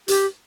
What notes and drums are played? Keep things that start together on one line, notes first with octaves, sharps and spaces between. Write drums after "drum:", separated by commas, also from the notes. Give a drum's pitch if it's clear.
G4, drum: hi-hat